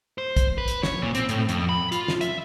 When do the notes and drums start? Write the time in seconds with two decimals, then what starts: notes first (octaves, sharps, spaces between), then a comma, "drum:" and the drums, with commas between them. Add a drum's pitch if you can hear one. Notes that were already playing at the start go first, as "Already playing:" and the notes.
0.18 C5
0.36 drum: kick, hi-hat
0.58 B4
0.68 drum: hi-hat
0.83 C#5, drum: snare
1.02 A#2
1.15 C4, drum: hi-hat
1.29 A2, drum: hi-hat
1.49 F2, drum: hi-hat
1.69 B5
1.92 F4, drum: hi-hat
2.08 drum: snare
2.21 E5, drum: hi-hat